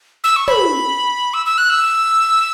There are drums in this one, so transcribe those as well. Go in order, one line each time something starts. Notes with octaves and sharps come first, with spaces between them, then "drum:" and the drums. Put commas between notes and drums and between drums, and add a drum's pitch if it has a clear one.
E6
C#6
B5, drum: tom
E6
E6
F#6
E6